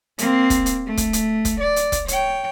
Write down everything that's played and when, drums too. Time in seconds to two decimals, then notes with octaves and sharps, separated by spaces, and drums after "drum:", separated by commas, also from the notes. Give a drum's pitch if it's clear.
0.18 A#3 C4, drum: hi-hat
0.50 drum: kick, hi-hat
0.66 drum: hi-hat
0.87 A3
0.97 drum: kick, hi-hat
1.13 drum: hi-hat
1.45 drum: kick, hi-hat
1.61 D5
1.76 drum: hi-hat
1.92 drum: kick, hi-hat
2.08 C#5 G5, drum: hi-hat